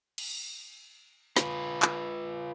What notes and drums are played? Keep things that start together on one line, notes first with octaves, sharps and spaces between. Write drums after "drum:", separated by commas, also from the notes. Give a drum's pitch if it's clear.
drum: cymbal
F4 B4, drum: snare
drum: clap